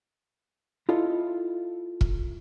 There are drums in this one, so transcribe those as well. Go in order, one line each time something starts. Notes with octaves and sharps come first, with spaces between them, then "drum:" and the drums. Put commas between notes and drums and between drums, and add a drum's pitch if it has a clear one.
E4 F4 A4 D#5
drum: kick